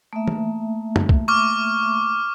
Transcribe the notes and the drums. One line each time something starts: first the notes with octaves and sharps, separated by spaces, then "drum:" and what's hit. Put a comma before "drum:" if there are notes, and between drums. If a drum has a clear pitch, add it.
A3 A#3 E5
drum: tom
drum: tom
drum: kick
C#6 D6 F6